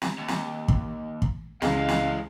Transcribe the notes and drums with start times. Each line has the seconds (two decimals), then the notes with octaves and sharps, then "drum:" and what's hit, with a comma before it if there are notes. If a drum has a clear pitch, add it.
0.02 drum: snare
0.18 D#2
0.28 drum: snare
0.68 drum: kick
1.22 drum: kick
1.62 C#2 E3 G#3 F5, drum: snare
1.89 drum: snare